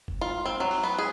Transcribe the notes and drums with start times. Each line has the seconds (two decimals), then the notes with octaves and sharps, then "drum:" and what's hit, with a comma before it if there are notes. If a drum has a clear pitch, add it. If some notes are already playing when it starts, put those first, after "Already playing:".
0.08 drum: kick F#1
0.21 F4
0.46 C4
0.60 F#3
0.71 drum: open hi-hat
0.83 B3
0.98 G#4